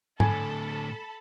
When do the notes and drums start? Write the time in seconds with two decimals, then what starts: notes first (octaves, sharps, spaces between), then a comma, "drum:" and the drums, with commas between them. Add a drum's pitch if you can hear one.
0.20 A2 D3 A4 G#5 A5 B5, drum: tom G#2